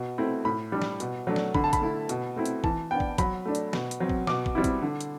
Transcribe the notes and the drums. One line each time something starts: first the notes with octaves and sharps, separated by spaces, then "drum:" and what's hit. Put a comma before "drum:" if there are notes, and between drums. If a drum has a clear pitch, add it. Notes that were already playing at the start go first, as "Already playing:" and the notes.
Already playing: B2
A3 C4 E4
A2 B5
G3 D4
drum: snare
B2, drum: hi-hat
F#3 A3 D4
drum: snare
D3 B5, drum: kick
A5
B5, drum: kick, hi-hat
A3 E4
B2, drum: hi-hat
A3 C4 E4
drum: hi-hat
E3 A5, drum: kick
B3 D4 G5
drum: kick
F#3 B5, drum: kick, hi-hat
A3 D4
drum: hi-hat
B2, drum: snare
drum: hi-hat
F#3 C4
drum: kick
B2 D6, drum: snare
drum: kick
G3 C4 E4
drum: kick, hi-hat
D3
drum: hi-hat